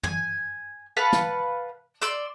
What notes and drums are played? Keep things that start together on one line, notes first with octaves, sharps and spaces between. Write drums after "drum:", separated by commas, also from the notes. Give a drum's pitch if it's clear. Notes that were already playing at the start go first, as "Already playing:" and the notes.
G#5, drum: tom
B4 F5 F#5 A5
drum: snare
D5 C6 E6, drum: hi-hat